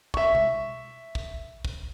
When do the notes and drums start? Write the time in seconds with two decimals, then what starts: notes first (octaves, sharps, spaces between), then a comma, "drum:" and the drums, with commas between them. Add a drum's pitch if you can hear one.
0.14 E5 C#6, drum: kick
0.35 drum: tom B2
1.15 drum: kick
1.65 drum: kick